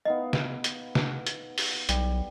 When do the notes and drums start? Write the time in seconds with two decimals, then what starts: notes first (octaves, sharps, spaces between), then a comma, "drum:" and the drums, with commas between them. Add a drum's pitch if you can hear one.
0.05 B3 D#4 D#5 F5
0.33 drum: snare
0.64 drum: hi-hat
0.95 drum: snare
1.27 drum: hi-hat
1.58 drum: open hi-hat
1.89 B1 G3, drum: hi-hat